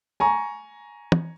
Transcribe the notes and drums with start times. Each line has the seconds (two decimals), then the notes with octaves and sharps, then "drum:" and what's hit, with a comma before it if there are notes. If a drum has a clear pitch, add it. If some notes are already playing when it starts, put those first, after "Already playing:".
0.20 G#5 A#5 C#6
1.12 drum: tom